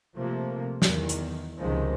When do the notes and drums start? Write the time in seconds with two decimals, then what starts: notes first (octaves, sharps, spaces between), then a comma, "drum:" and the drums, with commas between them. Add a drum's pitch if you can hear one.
0.14 C3 F3 A3 A#3
0.82 E2 D#3, drum: snare
1.09 drum: hi-hat
1.58 C#2 C3 D#3 F3 G#3